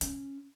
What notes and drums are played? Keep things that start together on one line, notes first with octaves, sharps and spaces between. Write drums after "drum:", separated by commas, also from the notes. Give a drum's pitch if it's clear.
C#4, drum: hi-hat